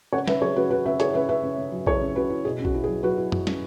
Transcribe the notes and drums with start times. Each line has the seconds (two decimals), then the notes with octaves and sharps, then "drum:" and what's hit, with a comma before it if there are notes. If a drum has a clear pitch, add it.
0.12 C#3 C#5 F#5
0.27 C#3 B4 E5, drum: snare
0.42 F#3 G#4 C#5
0.56 C#3 F#4 B4
0.70 C#3 F#4 B4
0.86 C#3 B4 E5
1.00 E4 G#4 C#5, drum: hi-hat
1.14 C#3 B4 E5
1.29 C#3 B4 E5
1.43 C#3
1.58 C#3
1.72 F#3
1.87 E4 G#4 C#5, drum: kick A#1
2.01 C#3
2.16 C#3 F#4 B4
2.30 E4
2.45 B2 G#4
2.59 C#4
2.65 F#4, drum: kick A#1
2.74 E4
2.84 G#4
2.88 F#3
3.03 F#3 F#4 B4
3.18 E4
3.32 F#3, drum: tom F#2
3.47 C#4, drum: snare